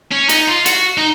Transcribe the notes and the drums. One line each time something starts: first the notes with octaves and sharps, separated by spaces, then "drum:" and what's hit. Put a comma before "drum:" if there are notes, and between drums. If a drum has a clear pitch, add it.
C#4
D#4, drum: hi-hat
F4
F#4, drum: hi-hat
D#4